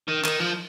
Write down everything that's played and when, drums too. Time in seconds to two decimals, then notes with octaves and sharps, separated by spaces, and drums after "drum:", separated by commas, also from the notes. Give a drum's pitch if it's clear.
0.08 D#3
0.25 D#3, drum: clap
0.40 F3